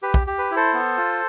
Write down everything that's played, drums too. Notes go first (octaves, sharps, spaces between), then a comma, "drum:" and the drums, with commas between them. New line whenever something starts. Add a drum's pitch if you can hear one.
G4 B4
drum: kick
G4
B4
E4
A4 C5
B3
F4